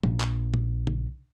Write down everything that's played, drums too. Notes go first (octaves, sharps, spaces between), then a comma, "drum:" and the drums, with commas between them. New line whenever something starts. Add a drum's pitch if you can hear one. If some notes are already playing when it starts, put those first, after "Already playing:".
A#1, drum: tom
drum: clap
drum: tom A#2
drum: tom C#3